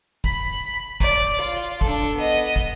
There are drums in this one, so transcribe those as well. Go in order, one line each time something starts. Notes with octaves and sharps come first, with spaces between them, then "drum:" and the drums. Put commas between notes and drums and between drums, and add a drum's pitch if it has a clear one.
B5, drum: kick
D5, drum: kick
F4
D4 A4, drum: kick
B3 D#5
drum: kick